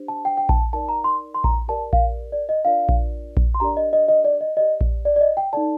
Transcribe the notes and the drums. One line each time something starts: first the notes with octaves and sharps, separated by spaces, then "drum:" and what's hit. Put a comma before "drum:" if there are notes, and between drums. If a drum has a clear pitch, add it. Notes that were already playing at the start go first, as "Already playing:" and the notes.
Already playing: D4 G4 C5
A5
G5
G5
A5, drum: kick A#1
D#4 A#4 D5 A5
A#5
C6
C6
A#5, drum: kick A#1
G4 A#4 D5 A5
F5, drum: kick A#1
D5
D#5
D4 F4 A#4 D5 F5
drum: kick A#1
drum: kick A#1
C6
D4 G4 A#4 D5 A#5
D#5
D#5
D#5
D5
D#5
G4 D5 D#5
drum: kick A#1
D5
D5
D#5
G5
D#4 A4 D5 A5